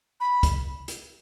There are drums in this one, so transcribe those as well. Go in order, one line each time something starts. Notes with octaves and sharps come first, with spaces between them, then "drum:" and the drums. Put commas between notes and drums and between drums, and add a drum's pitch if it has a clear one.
B5
drum: kick, hi-hat
drum: hi-hat